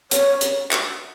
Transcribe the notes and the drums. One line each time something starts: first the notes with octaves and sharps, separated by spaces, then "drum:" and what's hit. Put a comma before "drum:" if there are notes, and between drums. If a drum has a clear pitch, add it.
C#5, drum: hi-hat
drum: hi-hat
drum: clap